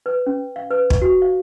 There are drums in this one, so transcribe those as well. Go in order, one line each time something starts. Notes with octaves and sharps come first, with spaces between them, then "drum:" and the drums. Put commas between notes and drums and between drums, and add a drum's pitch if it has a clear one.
B4
C#4
F5
B4
drum: kick
F#4
F5